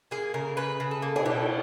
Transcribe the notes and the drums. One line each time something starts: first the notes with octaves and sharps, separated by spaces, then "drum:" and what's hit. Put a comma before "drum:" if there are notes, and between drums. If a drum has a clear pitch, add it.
A#3 G#4
C#3 A#4
C#3 B4
C#3
A4
A#3
G#4, drum: cymbal
B2 G4